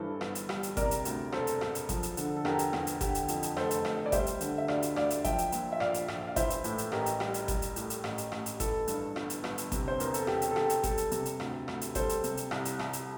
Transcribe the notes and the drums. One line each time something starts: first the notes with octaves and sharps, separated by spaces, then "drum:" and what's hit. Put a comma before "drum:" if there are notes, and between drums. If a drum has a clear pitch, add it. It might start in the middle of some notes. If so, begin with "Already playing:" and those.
Already playing: G2 E3 A4 C5
G1, drum: rim click
drum: hi-hat
G3, drum: rim click
drum: hi-hat
C3 A#4 D5, drum: kick G1, hi-hat
drum: hi-hat
D2, drum: hi-hat
E1 A4 C5, drum: rim click
drum: hi-hat
E1, drum: rim click
drum: hi-hat
F3, drum: kick G1, hi-hat
drum: hi-hat
D3, drum: hi-hat
A4
E2 G4 A#4, drum: rim click
drum: hi-hat
E2, drum: rim click
drum: hi-hat
D3 G4, drum: kick G1, hi-hat
drum: hi-hat
F2, drum: hi-hat
drum: hi-hat
F1 A4 C5, drum: rim click
drum: hi-hat
F1, drum: rim click
D5
G3 C5 E5, drum: kick G1, hi-hat
drum: hi-hat
D3, drum: hi-hat
E5
D2 D5 F5, drum: rim click
drum: hi-hat
D2 D5 F5, drum: rim click
drum: hi-hat
F3 E5 G5, drum: kick G1, hi-hat
drum: hi-hat
A#2, drum: hi-hat
E5
A#1 D5 F5, drum: rim click
drum: hi-hat
A#1, drum: rim click
F5
E3 C5 E5, drum: kick G1, hi-hat
drum: hi-hat
A2, drum: hi-hat
drum: hi-hat
A1 G4 A#4, drum: rim click
drum: hi-hat
G3, drum: rim click
drum: hi-hat
G3, drum: kick G1, hi-hat
drum: hi-hat
A2, drum: hi-hat
drum: hi-hat
A1, drum: rim click
drum: hi-hat
A1, drum: rim click
drum: hi-hat
E3 A4, drum: kick G1, hi-hat
G2, drum: hi-hat
G1, drum: rim click
drum: hi-hat
G1, drum: rim click
drum: hi-hat
C3, drum: kick G1, hi-hat
C5
E2 A#4, drum: hi-hat
A4, drum: hi-hat
E1 G4, drum: rim click
drum: hi-hat
A4
E1 G4, drum: rim click
drum: hi-hat
G3 A4, drum: kick G1, hi-hat
drum: hi-hat
C3, drum: hi-hat
drum: hi-hat
D2, drum: rim click
D2, drum: rim click
drum: hi-hat
G3 A4 C5, drum: kick G1, hi-hat
drum: hi-hat
C3, drum: hi-hat
drum: hi-hat
C2, drum: rim click
drum: hi-hat
C2, drum: rim click
drum: hi-hat